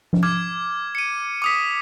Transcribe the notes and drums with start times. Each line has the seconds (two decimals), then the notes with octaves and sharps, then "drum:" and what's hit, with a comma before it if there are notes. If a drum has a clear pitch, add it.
0.13 drum: tom F3
0.23 D6 F6 G#6
0.95 C#7 D#7
1.42 D6 D#6 B6